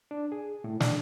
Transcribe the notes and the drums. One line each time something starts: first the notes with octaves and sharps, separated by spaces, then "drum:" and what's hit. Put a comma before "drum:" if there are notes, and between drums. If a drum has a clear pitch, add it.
D4
G#4
A2
D4, drum: snare